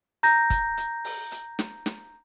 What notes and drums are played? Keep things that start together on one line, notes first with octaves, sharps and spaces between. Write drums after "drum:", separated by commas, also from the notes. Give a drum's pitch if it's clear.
A#5 G6 A#6, drum: hi-hat
drum: kick, hi-hat
drum: hi-hat
drum: open hi-hat
drum: hi-hat
drum: snare
drum: snare